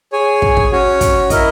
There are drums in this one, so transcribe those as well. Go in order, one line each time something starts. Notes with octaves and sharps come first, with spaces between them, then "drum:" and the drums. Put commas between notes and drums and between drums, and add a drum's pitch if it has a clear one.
G#4 C#5 G#5
drum: kick
drum: kick
C#4 F#4 C#5
drum: kick, hi-hat
E4 A#4 D#5, drum: kick, hi-hat